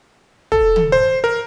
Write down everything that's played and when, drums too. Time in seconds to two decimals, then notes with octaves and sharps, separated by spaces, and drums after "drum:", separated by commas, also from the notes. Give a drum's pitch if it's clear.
0.52 A4, drum: kick
0.76 drum: tom
0.92 C5
1.24 A#4